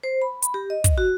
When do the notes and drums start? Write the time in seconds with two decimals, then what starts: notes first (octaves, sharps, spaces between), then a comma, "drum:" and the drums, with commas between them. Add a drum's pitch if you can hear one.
0.03 C5
0.22 B5
0.42 B5, drum: hi-hat
0.54 G4
0.70 D#5
0.84 drum: kick, hi-hat
0.98 F#4